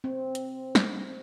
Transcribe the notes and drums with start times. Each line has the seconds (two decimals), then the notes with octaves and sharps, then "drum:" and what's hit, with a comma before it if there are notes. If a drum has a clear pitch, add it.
0.04 C4
0.35 drum: hi-hat
0.75 drum: snare